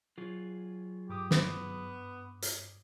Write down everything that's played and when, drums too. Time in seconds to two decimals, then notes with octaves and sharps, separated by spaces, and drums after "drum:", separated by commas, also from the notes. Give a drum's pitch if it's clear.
0.18 F#3 F4 G#4
1.09 G2 G4 D6 D#6
1.31 B3, drum: snare
2.42 drum: hi-hat